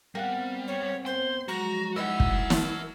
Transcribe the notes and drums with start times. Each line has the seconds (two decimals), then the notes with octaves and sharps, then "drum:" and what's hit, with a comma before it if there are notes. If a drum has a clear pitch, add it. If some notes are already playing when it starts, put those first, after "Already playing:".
0.15 G3 B3 C4 A#4 F5 F#5
0.68 C#5
1.06 C5 C6
1.48 F3 F#3 G#3 F#4 A#5
1.96 E3 D#4 E4 A#4 F#5 E6
2.20 drum: kick
2.50 drum: snare